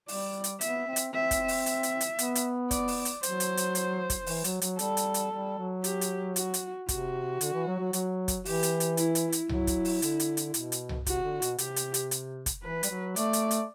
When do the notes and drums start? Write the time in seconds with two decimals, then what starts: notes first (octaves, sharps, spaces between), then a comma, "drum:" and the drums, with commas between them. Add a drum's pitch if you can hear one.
0.08 G3 D5, drum: open hi-hat
0.44 drum: hi-hat
0.61 B3 E5, drum: hi-hat
0.87 C4
0.96 drum: hi-hat
1.13 C4 E5
1.31 drum: kick, hi-hat
1.48 drum: open hi-hat
1.66 E5, drum: hi-hat
1.83 drum: hi-hat
2.01 drum: hi-hat
2.19 B3, drum: hi-hat
2.35 drum: hi-hat
2.71 D5, drum: kick, hi-hat
2.88 drum: open hi-hat
3.05 drum: hi-hat
3.23 F#3 C5, drum: hi-hat
3.40 drum: hi-hat
3.57 drum: hi-hat
3.75 drum: hi-hat
4.10 drum: kick, hi-hat
4.26 E3, drum: open hi-hat
4.44 F#3, drum: hi-hat
4.62 F#3, drum: hi-hat
4.79 G3 A4, drum: hi-hat
4.97 drum: hi-hat
5.14 drum: hi-hat
5.31 G3
5.58 F#3
5.84 G4, drum: hi-hat
6.01 drum: hi-hat
6.36 F#4, drum: hi-hat
6.54 drum: hi-hat
6.89 C3 F#4, drum: kick, hi-hat
7.41 D3, drum: hi-hat
7.53 E3
7.67 F#3
7.79 F#3
7.93 F#3, drum: hi-hat
8.28 drum: kick, hi-hat
8.45 E3 G4, drum: open hi-hat
8.63 drum: hi-hat
8.80 drum: hi-hat
8.97 E4, drum: hi-hat
9.15 drum: hi-hat
9.32 drum: hi-hat
9.49 F#3 E4, drum: tom C2
9.67 drum: kick, hi-hat
9.85 drum: open hi-hat
10.02 D3, drum: hi-hat
10.20 drum: hi-hat
10.37 drum: hi-hat
10.54 B2, drum: hi-hat
10.72 drum: hi-hat
10.89 drum: tom C2
11.06 C3 F#4, drum: kick, hi-hat
11.24 D3
11.42 B2, drum: hi-hat
11.58 C3 G4, drum: hi-hat
11.76 drum: hi-hat
11.94 drum: hi-hat
12.11 drum: hi-hat
12.46 drum: kick, hi-hat
12.63 E3 B4
12.83 G3, drum: hi-hat
12.89 F#3
13.16 A3 D5, drum: hi-hat
13.33 drum: hi-hat
13.51 drum: hi-hat